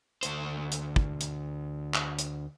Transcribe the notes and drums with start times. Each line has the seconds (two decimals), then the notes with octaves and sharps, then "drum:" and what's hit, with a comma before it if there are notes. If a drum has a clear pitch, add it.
0.23 D2 C5, drum: hi-hat
0.72 drum: hi-hat
0.96 drum: kick
1.21 drum: hi-hat
1.94 drum: clap
2.19 drum: hi-hat